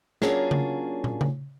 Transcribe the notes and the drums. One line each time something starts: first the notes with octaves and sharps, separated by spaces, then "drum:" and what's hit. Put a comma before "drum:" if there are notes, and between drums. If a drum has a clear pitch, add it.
F#3 A#3 C#4 D4 F4 G#4, drum: snare
drum: tom C#3
drum: tom
drum: tom C#3